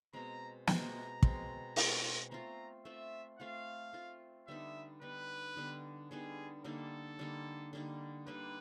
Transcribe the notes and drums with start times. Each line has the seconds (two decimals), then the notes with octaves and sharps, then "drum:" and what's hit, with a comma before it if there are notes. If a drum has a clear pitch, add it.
0.13 B2 G#3 C4 A#5
0.67 B2 G#3 C4 A#5, drum: snare
1.23 B2 G#3 C4, drum: kick
1.76 B2 G#3 C4, drum: open hi-hat
2.30 A3 C4 F4 A#5
2.85 A3 C4 F4 E5
3.39 A3 C4 F4 F5
3.93 A3 C4 F4
4.48 D3 G3 B3 D#4 E5
5.02 D3 G3 B3 D#4 B4
5.56 D3 G3 B3 D#4
6.11 D3 G3 B3 D#4 G#4
6.64 D3 G3 A#3 D#4 A4
7.19 D3 G3 A#3 D#4
7.73 D3 G3 A#3 D#4
8.27 D3 G3 A#3 D#4 B4